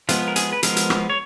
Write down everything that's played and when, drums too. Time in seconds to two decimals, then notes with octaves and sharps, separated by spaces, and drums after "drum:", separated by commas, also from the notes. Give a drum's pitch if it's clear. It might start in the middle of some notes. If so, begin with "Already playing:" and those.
0.09 F3 G#3 B3 F4, drum: hi-hat
0.28 A#4
0.36 G#4, drum: hi-hat
0.53 B4
0.63 F3 G#3 B3 A#4, drum: hi-hat
0.76 drum: hi-hat
0.90 drum: rim click
1.10 C#5